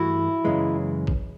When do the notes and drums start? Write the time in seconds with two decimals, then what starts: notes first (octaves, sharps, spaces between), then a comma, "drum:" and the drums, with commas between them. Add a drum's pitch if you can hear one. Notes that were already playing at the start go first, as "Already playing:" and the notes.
Already playing: G2 E3 A3 E4 F#4
0.45 F#2 C#3 E3 G#3
1.07 drum: kick